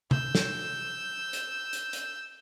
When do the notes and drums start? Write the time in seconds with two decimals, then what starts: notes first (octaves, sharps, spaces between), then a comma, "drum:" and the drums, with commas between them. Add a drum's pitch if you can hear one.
0.11 E6 G6, drum: tom C3
0.35 drum: snare
1.33 drum: hi-hat
1.73 drum: hi-hat
1.93 drum: hi-hat